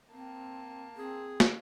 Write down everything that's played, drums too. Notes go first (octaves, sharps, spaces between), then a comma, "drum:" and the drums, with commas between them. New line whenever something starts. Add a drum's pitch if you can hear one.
A#3 C4 A5
C4 G#4
drum: snare